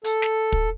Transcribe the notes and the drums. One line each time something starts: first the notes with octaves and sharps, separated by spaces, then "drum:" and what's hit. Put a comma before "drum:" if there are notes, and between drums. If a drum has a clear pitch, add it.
A4, drum: hi-hat
drum: snare
drum: kick